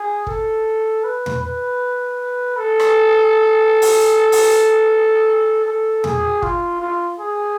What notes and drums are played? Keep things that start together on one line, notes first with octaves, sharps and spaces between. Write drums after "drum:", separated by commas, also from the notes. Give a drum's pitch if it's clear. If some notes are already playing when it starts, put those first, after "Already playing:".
Already playing: G#4
A4, drum: kick
B4
drum: tom
B4
A4
drum: rim click
drum: open hi-hat
drum: open hi-hat
A4
G#4, drum: tom
F4, drum: kick
F4
G#4